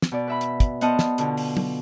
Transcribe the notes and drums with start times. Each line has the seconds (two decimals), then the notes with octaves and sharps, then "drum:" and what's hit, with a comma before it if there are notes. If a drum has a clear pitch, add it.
0.02 drum: snare
0.12 B2 D5
0.27 B4 E5 B5
0.41 drum: hi-hat
0.60 drum: kick, hi-hat
0.81 B3 C5 D#5 F#5 A5 F6, drum: hi-hat
0.99 drum: snare
1.18 B2 D3 F4, drum: hi-hat
1.37 drum: open hi-hat
1.57 drum: tom